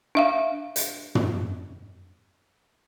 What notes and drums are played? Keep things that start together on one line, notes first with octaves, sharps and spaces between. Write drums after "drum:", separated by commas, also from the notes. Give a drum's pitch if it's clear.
D4 E5 F5
drum: hi-hat
drum: tom